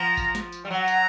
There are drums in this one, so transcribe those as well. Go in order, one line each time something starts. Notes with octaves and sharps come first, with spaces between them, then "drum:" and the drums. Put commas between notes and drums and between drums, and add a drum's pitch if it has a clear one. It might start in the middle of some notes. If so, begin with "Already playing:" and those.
Already playing: F3 A#5
drum: kick A1, tambourine
drum: snare
drum: tambourine
G3
F#3 A#5
drum: tambourine